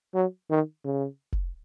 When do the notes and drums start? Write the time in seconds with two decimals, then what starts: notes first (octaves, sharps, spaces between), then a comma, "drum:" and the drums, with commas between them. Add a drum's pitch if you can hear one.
0.14 F#3
0.50 D#3
0.84 C#3
1.32 drum: kick F1